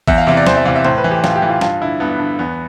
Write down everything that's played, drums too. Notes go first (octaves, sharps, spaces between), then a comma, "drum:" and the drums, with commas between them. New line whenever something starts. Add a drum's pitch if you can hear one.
E2 E5, drum: kick
F5
C3 E3 E5
D5
E2 C5, drum: snare
E5
C3 E3 F5
E5
A2 C5, drum: tom C3
B4
E3
G4
A2 F4, drum: snare
G4
E3
F4
G2 F4, drum: snare
D3 E4
G2 B3
D3
E2 B3